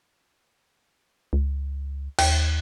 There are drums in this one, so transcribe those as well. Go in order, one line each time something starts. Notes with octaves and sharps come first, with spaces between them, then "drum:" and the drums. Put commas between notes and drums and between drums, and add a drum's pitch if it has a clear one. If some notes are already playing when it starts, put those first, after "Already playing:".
C#2
D#2, drum: cymbal